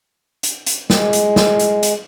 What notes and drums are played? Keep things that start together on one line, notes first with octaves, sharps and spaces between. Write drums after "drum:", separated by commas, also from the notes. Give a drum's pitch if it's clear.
drum: hi-hat
drum: hi-hat
G#3, drum: snare
drum: hi-hat
drum: snare
drum: hi-hat
drum: hi-hat